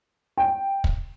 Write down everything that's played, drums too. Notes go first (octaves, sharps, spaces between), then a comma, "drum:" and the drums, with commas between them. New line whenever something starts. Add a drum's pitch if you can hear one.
G5
drum: kick